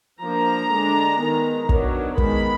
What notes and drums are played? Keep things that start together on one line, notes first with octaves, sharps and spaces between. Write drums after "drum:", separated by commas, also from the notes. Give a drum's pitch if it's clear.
F3 A#3 D4 A#5
D3 G#3 D4
D#3 G#3 B3
D#3 F#3 B3 D4, drum: kick
D#3 G#3 B3 B5, drum: kick